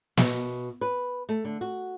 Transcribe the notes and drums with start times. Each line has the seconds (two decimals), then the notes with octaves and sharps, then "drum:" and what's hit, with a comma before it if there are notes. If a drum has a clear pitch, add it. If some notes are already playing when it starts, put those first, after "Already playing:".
0.17 B2, drum: snare
0.81 B4
1.29 A3
1.44 D3
1.61 F#4